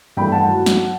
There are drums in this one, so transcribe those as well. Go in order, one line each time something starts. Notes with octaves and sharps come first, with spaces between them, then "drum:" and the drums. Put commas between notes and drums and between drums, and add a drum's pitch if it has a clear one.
G2 E3 A3 G5 B5
F#5 A5
F#3
drum: snare